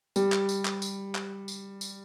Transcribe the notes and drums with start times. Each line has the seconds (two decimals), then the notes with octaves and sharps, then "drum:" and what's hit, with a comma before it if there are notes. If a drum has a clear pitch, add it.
0.16 G3, drum: tambourine
0.32 drum: clap
0.49 drum: tambourine
0.65 drum: clap
0.82 drum: tambourine
1.15 drum: clap
1.48 drum: tambourine
1.81 drum: tambourine